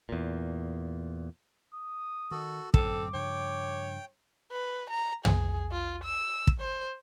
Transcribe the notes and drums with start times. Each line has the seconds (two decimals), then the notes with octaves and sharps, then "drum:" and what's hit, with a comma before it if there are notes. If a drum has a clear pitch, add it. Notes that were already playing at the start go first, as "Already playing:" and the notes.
0.09 E2 A#2
1.74 D#6
2.31 D#3 F#4 A4
2.74 F#2 A2 D3 C4 A4 D6, drum: kick
3.14 G2 C#3 F3 C#5 G5
4.52 B4
4.90 A#5
5.25 G#4, drum: tom
5.72 F4
6.03 E6
6.47 drum: kick
6.60 C5